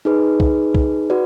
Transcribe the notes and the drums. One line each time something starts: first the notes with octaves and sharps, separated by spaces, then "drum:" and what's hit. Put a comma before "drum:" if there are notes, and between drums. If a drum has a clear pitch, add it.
D#4 G#4 B4
drum: kick
drum: kick
F#4 B4 D5